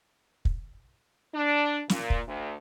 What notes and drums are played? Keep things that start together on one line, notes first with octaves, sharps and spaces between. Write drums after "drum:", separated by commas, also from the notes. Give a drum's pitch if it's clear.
drum: kick
D4
A#2, drum: snare
drum: kick
D2